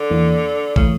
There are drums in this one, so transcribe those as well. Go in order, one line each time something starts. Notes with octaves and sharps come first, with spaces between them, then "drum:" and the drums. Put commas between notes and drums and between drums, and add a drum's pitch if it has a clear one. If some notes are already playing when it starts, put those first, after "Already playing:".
Already playing: D3
E2 E3 A#3
C#3 E3 A3, drum: kick